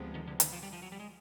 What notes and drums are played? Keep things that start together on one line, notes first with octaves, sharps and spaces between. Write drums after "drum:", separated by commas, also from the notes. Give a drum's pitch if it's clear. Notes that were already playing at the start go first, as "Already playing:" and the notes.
Already playing: D2 C3 F3 G#3 B3
D#3
D3
D#3, drum: hi-hat
F3
G3
F3
F#3
G3
G#3